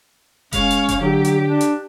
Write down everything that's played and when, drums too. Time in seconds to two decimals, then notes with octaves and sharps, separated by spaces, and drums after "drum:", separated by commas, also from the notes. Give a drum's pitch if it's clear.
0.53 G#3 C#4 C#5 F5, drum: kick F1, hi-hat
0.71 drum: hi-hat
0.89 drum: kick F1, hi-hat
1.01 D3 F#3 G4
1.25 drum: hi-hat
1.46 D4
1.61 drum: hi-hat